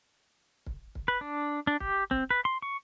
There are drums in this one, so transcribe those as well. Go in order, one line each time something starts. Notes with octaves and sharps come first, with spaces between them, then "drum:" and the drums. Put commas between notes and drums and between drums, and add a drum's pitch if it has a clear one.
drum: kick
drum: kick
B4
D4
D4
G4, drum: kick
C4, drum: kick
B4
C6
C#6